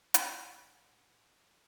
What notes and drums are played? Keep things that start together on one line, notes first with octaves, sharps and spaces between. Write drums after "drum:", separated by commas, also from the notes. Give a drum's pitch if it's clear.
drum: hi-hat
A2 E3 D4 F#5 G#5 C6